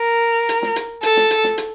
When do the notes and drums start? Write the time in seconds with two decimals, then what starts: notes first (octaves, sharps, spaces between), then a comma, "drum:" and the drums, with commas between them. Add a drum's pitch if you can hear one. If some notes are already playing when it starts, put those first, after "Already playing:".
Already playing: A#4
0.49 drum: hi-hat
0.62 drum: snare
0.76 drum: hi-hat
1.03 A4, drum: hi-hat
1.17 drum: snare
1.30 drum: hi-hat
1.44 drum: snare
1.58 drum: hi-hat